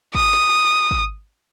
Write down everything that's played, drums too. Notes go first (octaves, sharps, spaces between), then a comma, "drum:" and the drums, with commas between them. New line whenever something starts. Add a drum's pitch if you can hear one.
D#6, drum: kick
drum: snare
drum: kick